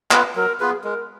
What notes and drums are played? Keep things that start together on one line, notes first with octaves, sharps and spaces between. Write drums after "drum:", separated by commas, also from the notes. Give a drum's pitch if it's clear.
B3 F4 B4, drum: clap
F#3 A#4
B3 F4 G#4 B4
G#3 A#4